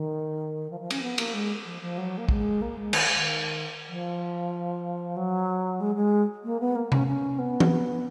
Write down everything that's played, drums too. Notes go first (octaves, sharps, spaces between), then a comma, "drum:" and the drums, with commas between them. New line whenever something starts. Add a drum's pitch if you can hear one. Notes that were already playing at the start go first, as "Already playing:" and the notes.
Already playing: D#3
F3
F3
C#4, drum: cymbal
B3
A#3, drum: cymbal
G#3
F3
F3
F#3
A#3
G#3, drum: kick
A#3
G#3
D#3, drum: cymbal
D#3
F3
F#3
G#3
G#3
A#3
B3
A#3
C#4, drum: tom C3
C#4
B3
drum: tom E3